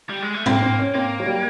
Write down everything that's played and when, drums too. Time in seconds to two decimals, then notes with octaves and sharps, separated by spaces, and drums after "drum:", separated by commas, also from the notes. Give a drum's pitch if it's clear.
0.10 G3
0.22 G#3
0.34 A3
0.46 A#3 C4, drum: tom G#2
0.62 C4
0.79 C#4
0.94 A#3 C4
1.20 F#3
1.26 G3